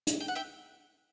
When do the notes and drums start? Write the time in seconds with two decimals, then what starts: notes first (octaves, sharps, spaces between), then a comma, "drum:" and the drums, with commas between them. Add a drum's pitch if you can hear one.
0.07 drum: hi-hat
0.20 G5
0.28 F#5
0.35 E5 G5